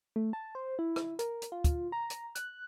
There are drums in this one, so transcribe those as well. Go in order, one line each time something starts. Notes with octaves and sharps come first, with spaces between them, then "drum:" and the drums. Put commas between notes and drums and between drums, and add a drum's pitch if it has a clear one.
A3
A5
C5
E4
drum: rim click
A#4, drum: hi-hat
drum: hi-hat
F4
drum: kick, hi-hat
A#5
drum: hi-hat
F#6, drum: hi-hat